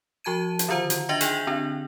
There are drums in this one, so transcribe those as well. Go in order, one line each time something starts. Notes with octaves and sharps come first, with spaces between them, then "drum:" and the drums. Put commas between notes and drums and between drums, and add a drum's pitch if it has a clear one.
F3 F#4 A5 G#6 D#7
drum: hi-hat
D3 D#3 F4 C5 A#5
drum: hi-hat
D4 D#5 E5 C6 A#6 C#7
D#4 G#4 G5 G6 F7 F#7, drum: hi-hat
D3 C4 D4